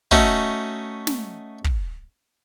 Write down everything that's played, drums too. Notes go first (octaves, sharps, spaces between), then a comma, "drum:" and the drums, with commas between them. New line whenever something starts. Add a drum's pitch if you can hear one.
A3 C#4 D#4 F#4, drum: kick
drum: snare
drum: kick